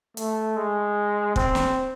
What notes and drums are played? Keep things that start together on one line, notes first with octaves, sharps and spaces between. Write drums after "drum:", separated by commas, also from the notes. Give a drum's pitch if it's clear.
A3, drum: hi-hat
G#3
C4, drum: kick
drum: snare